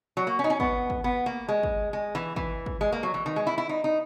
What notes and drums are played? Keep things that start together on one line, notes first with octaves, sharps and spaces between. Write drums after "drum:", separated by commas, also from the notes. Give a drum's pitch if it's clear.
F#3
A#3
C#4
D#4
C#4
B3, drum: kick
drum: kick
B3
A#3
G#3
drum: kick
G#3
E3
E3, drum: kick
drum: kick
G#3
A#3
F#3
E3
D#3
G#3
E4
E4
D#4
D#4